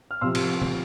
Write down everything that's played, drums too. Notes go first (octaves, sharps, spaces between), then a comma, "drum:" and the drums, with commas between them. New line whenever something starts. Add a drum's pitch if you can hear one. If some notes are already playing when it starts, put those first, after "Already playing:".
F6
C3 F3 C6 E6
drum: cymbal
drum: tom C3